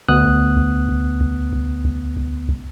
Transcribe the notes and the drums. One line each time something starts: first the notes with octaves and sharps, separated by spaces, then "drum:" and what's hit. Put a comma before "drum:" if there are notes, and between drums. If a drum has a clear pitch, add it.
D2 B3 D#6 F#6
drum: kick C2
drum: kick C2
drum: kick C2
drum: kick C2
drum: kick C2
drum: kick C2
drum: kick C2
drum: kick C2